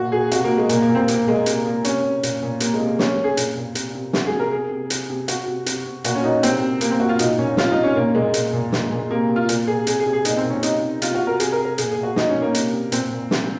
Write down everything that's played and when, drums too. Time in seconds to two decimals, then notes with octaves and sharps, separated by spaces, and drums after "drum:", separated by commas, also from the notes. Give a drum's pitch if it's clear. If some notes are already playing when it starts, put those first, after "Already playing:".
Already playing: A#2 F#4
0.12 A#2 G#4
0.31 C3 F#4, drum: hi-hat
0.44 A#3
0.51 C3
0.57 G#3
0.69 A#2 A#3, drum: hi-hat
0.82 A#3
0.89 A#2
0.95 C4
1.08 A#2 A#3, drum: hi-hat
1.27 A#2 G#3
1.46 C3 A#3, drum: hi-hat
1.65 C3 A#3
1.85 C3 C#4, drum: hi-hat
2.03 C3
2.23 A#2, drum: hi-hat
2.42 A#2
2.60 C3 A#3, drum: hi-hat
2.74 G#3
2.80 C3
2.87 A#3
2.99 C3 C#4, drum: snare
3.18 C3
3.24 G#4
3.37 A#2, drum: hi-hat
3.56 A#2
3.75 C3, drum: hi-hat
3.95 C3
4.13 C3 F#4, drum: snare
4.26 G#4
4.32 C3
4.40 A#4
4.52 C3 G#4
4.71 C3
4.90 C3, drum: hi-hat
5.10 C3
5.28 C3 F#4, drum: hi-hat
5.48 C3
5.66 C3, drum: hi-hat
5.86 C3
6.04 A#2 F#4, drum: hi-hat
6.15 C#4
6.24 A#2 D#4
6.43 C3 C4, drum: hi-hat
6.62 C3
6.81 C3 A#3, drum: hi-hat
6.91 C4
7.00 C3 F#4
7.09 F4
7.19 A#2 D#4, drum: hi-hat
7.38 A#2 C#4
7.57 C3 F4, drum: snare
7.71 D#4
7.77 C3
7.83 C#4
7.96 A#2 A#3
8.15 A#2 G#3
8.34 A#2, drum: hi-hat
8.53 A#2
8.72 A#2, drum: snare
8.92 A#2
9.10 C3 A#3
9.29 C3
9.36 F4
9.49 A#2, drum: hi-hat
9.67 A#2 G#4
9.87 C3 G#4, drum: hi-hat
9.99 G#4
10.06 C3
10.13 G#4
10.25 A#2 D#4, drum: hi-hat
10.37 C4
10.44 A#2
10.50 C#4
10.63 C3 D#4, drum: hi-hat
10.82 C3
11.02 C3 F4, drum: hi-hat
11.14 F#4
11.21 C3
11.27 A#4
11.40 C3 G#4, drum: hi-hat
11.52 A#4
11.59 C3
11.65 A#4
11.78 A#2 G#4, drum: hi-hat
11.91 G#4
11.97 A#2
12.03 F#4
12.16 A#2 D#4, drum: snare
12.29 C#4
12.35 A#2
12.42 A#3
12.55 C3, drum: hi-hat
12.73 C3
12.92 A#2 C4, drum: hi-hat
13.12 A#2
13.31 C3, drum: snare